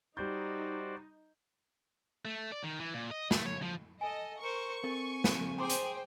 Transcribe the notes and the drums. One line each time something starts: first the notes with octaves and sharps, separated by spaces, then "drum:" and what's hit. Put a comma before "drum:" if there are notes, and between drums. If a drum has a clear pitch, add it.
G3 D#4 F#4 C5 D5 G6
A3
D5
D#3
E3
A#2
D#5
A3, drum: snare
C#5
F3
A4 D#5 G#5
A#4 C5 C#6
C4 A4 A#4 G#5
drum: snare
G#4 C5 G5 G#5 A#5 C6 D6
drum: hi-hat